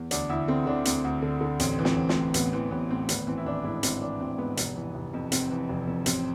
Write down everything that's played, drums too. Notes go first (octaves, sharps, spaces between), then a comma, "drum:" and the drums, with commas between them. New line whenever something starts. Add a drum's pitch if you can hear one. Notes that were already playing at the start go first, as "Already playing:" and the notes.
Already playing: E2
D2 D4, drum: hi-hat
D2 E4
D3 C4
D3 D4
D2 C4, drum: hi-hat
D2
D3
D3
A1 C4, drum: hi-hat
E3
C4, drum: snare
A1
C4, drum: snare
A2
A1 B3, drum: hi-hat
E3 C4
A1 B3
A2 C4
G#1 B3, drum: hi-hat
E3 C4
E4
G#1 D4
G#2 E4
G#1 C4, drum: hi-hat
E3 D4
G#1 C4
G#2 B3
F1, drum: hi-hat
E3
F1
F2
F1 C4, drum: hi-hat
E3
F1
F2
A1 C4, drum: hi-hat